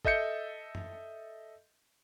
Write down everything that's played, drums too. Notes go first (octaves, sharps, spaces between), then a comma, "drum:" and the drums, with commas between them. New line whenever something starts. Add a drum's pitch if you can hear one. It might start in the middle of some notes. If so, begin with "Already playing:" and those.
A4 D#5 E5 G6 C#7, drum: kick
drum: tom F#2